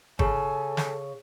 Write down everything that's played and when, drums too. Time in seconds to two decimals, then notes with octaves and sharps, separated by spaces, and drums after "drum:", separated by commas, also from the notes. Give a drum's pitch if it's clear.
0.19 C#3 A4 G#5, drum: kick
0.77 drum: snare